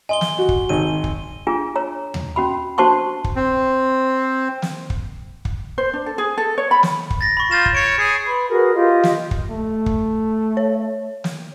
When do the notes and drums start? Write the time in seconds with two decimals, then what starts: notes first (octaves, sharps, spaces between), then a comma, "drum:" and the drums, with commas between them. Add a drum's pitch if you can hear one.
0.09 D#5 G#5 C6 G7
0.21 drum: snare
0.38 F#4
0.49 drum: kick
0.69 G#1 D#7 G7
1.04 drum: kick
1.47 D4 F4 G#4
1.76 C#5 A#5
2.14 drum: tom D#2
2.36 C#4 F#4 B5
2.78 D4 F#4 C5 A5 C6 C#6
3.24 drum: kick
3.36 C4
4.62 drum: snare
4.90 drum: kick
5.45 drum: kick
5.78 C5
5.93 D4
6.06 A4
6.18 G#4
6.38 A4
6.58 C#5
6.71 B5
6.83 drum: snare
7.10 drum: kick
7.21 A6 A#6
7.37 B5 C#6
7.51 F4 G6 A6 E7
7.66 drum: kick
7.75 C#5 C#7 D7
7.99 G#4 C7 C#7
8.25 B4 B5 C6
8.48 F#4 G#4 A#4 B4
8.74 F4 G4 D#5
9.03 drum: snare
9.31 drum: kick
9.50 A3
9.86 drum: kick
10.57 C#5
11.24 drum: snare